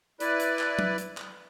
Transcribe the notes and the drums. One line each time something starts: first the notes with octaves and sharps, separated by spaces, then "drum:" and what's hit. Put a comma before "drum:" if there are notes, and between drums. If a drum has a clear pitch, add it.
E4 B4 D5, drum: hi-hat
drum: hi-hat
drum: clap
drum: tom F#3
drum: hi-hat
drum: clap